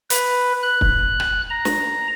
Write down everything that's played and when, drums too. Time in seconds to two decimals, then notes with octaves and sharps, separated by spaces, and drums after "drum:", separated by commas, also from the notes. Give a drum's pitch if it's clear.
0.10 B4, drum: hi-hat
0.63 F#6
0.81 drum: kick
1.20 drum: rim click
1.50 A#5
1.65 drum: snare